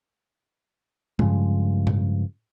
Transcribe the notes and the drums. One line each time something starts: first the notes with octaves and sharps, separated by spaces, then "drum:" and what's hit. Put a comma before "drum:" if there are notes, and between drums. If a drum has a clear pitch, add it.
G2 C#3 F3 G#3, drum: tom A2
drum: tom A2